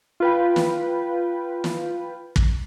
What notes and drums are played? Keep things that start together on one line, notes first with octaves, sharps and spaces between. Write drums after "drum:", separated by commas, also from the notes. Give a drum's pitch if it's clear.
F4 B4 G5
drum: snare
drum: snare
drum: kick